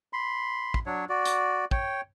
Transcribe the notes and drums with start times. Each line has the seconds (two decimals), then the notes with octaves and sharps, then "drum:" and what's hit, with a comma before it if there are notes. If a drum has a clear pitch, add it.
0.13 B5 C6
0.74 drum: kick
0.86 F#3 D4 C#5
1.09 F#4 D5
1.25 drum: hi-hat
1.71 C#5 G5, drum: kick